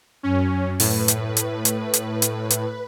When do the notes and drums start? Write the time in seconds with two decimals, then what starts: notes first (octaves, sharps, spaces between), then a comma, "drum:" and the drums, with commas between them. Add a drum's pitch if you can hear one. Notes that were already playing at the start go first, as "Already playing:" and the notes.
0.23 F#2 C#4
0.80 A2 B4, drum: open hi-hat
1.08 drum: hi-hat
1.37 drum: hi-hat
1.65 drum: hi-hat
1.94 drum: hi-hat
2.22 drum: hi-hat
2.50 drum: hi-hat